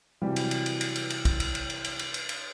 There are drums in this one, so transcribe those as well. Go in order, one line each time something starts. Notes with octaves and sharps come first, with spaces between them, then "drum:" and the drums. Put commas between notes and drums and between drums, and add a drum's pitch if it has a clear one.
C3 E3 F#3 G3 G4
drum: cymbal
drum: cymbal
drum: cymbal
drum: cymbal
drum: cymbal
drum: cymbal
drum: kick, cymbal
drum: cymbal
drum: cymbal
drum: cymbal
drum: cymbal
drum: cymbal
drum: cymbal
drum: cymbal